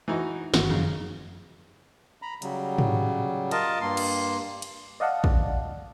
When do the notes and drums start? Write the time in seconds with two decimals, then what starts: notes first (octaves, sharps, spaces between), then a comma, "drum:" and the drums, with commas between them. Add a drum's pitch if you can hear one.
0.08 E3 D#4 F#4
0.54 G1 D#3 E3 F#4, drum: snare
0.70 F#2 C#3 F3 D#4
2.22 A#5 B5
2.42 C#3 F#3 G3, drum: hi-hat
2.78 drum: tom G#2
3.51 F4 A#4 D#5 A5, drum: cymbal
3.81 G2 A#3 C6
3.97 drum: cymbal
4.62 drum: cymbal
5.00 D5 D#5 F5 F#5 A5
5.24 drum: kick